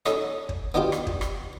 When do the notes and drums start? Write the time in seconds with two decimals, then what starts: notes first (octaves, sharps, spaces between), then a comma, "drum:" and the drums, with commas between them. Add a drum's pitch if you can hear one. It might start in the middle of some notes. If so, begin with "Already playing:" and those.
0.06 C#4 D#4 A4 C#5 D#5, drum: rim click
0.49 drum: kick
0.74 B3 D4 D#4 F4 G4
0.92 drum: rim click
1.07 drum: kick
1.21 drum: rim click